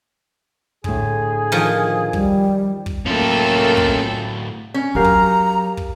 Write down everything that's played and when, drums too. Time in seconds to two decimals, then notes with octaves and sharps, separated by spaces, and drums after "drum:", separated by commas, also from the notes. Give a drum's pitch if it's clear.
0.84 A2 D3 G#4, drum: kick
1.52 D#3 F3
2.13 G3, drum: kick
2.86 drum: kick
3.06 A2 F#3 A3 A#3 C#4 F4 A4 G5
3.77 drum: kick
4.74 C#4
4.95 F#3 G4 A#4 F5 A#5
5.04 drum: kick
5.77 drum: kick